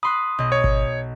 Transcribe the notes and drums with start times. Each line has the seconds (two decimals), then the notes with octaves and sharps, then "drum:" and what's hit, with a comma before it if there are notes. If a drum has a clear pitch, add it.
0.03 B5 C6 D#6 F#6
0.38 B1 D#5
0.52 C#5
0.64 drum: kick G#1